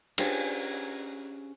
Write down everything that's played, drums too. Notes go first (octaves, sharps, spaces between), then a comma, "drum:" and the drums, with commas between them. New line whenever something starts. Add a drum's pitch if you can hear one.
C#4 D4 F4 G4 G#4 C5, drum: cymbal